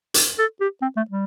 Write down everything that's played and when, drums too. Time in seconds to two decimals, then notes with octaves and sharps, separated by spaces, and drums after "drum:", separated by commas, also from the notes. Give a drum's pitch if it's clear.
0.14 drum: hi-hat
0.39 A4
0.61 G4
0.82 C4
0.97 A3
1.10 G3